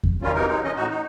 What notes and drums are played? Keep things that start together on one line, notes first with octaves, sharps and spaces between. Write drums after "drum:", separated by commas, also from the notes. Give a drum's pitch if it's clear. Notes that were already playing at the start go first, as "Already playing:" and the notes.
drum: kick E2
D#3 F#3 G3 C#4 F4
C3 E3 F#3 D#4 A#4
F#3 G#3 D#4
E3 C#4 D#5
A2 D#4 F#4
D#4